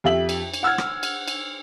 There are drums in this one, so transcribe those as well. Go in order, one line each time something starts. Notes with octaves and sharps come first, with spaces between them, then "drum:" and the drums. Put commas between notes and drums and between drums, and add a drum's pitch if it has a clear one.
F2 G4 E5 F#7
drum: cymbal
drum: cymbal
F#5 E6 F6 G#6
drum: rim click
drum: cymbal
drum: cymbal